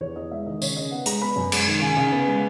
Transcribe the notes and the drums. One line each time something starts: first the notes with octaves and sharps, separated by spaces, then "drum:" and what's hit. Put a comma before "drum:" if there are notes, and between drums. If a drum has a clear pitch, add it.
E2 C#5
E2 D#5
G#3 E5
D#3 D#5
C#3 C#5, drum: tambourine
C#3 D#5
B3 F#5
G#3 A#5, drum: hi-hat
B3 B5
F#2
G#3, drum: cymbal
D#3
C#3 G#5
C#3
B3
G#3